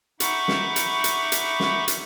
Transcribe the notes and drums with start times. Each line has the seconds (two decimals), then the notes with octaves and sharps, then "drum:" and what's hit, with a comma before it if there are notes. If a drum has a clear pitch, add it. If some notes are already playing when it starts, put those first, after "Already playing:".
0.20 D#4 E5 F#5 B5 C#6 D6, drum: hi-hat
0.48 drum: snare
0.76 drum: hi-hat
1.04 drum: hi-hat
1.32 drum: hi-hat
1.60 drum: snare
1.88 drum: hi-hat